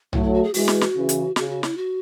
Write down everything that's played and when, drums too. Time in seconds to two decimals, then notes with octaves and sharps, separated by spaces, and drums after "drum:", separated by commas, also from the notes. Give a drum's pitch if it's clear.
0.13 F#3 A3 E4, drum: tom B1
0.23 E4
0.34 F#4
0.44 G#4
0.54 E3 G#3 F#4, drum: open hi-hat
0.68 drum: snare
0.81 drum: snare
0.95 C#3 E3
1.09 drum: hi-hat
1.36 C#3 F#4, drum: snare
1.50 F#4
1.63 E4, drum: snare
1.77 F#4